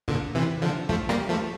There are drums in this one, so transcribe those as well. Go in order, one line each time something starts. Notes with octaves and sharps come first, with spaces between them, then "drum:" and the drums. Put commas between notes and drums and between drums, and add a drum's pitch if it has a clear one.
A#2 D3, drum: kick
C3 E3
D3 F3
F3 A3, drum: kick
G3 A#3, drum: rim click
F3 A3